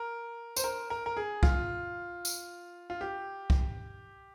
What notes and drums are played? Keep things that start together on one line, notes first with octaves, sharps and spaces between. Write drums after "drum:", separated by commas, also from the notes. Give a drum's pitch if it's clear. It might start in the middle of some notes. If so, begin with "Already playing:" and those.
Already playing: A#4
C5, drum: tambourine
A#4
A#4
A#4
G#4
F4, drum: kick C2
drum: tambourine
F4
G4
drum: kick C2